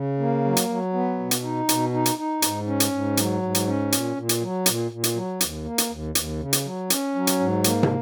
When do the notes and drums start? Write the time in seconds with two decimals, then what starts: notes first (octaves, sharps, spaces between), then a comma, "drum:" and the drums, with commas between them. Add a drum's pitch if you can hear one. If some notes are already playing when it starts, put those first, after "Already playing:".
Already playing: C#3
0.19 A#3
0.45 F#3
0.57 drum: hi-hat
0.69 F#3
0.93 B3
1.19 B2
1.31 drum: hi-hat
1.43 D#4
1.69 B2, drum: hi-hat
1.94 D#4
2.06 drum: hi-hat
2.18 D#4
2.42 G#2, drum: hi-hat
2.67 C#4
2.80 drum: hi-hat
2.92 G#2
3.17 F#3, drum: hi-hat
3.42 G#2
3.55 drum: hi-hat
3.67 C#4
3.92 A#2, drum: hi-hat
4.16 A#2
4.29 drum: hi-hat
4.42 F#3
4.66 A#2, drum: hi-hat
4.91 A#2
5.04 drum: hi-hat
5.16 F#3
5.41 D#2, drum: hi-hat
5.65 A#3
5.78 drum: hi-hat
5.90 D#2
6.15 D#2, drum: hi-hat
6.40 C#3
6.53 drum: hi-hat
6.65 F#3
6.90 C#4, drum: hi-hat
7.15 F#3
7.27 drum: hi-hat
7.40 G#2
7.64 A#3, drum: hi-hat
7.83 drum: tom